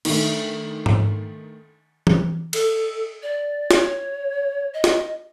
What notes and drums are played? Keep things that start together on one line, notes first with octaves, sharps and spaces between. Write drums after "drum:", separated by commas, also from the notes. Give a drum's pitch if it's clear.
D#3 A3 D4, drum: cymbal
drum: tom G#2
drum: tom E3
A4, drum: cymbal
D5
C#5, drum: snare
D#5
drum: snare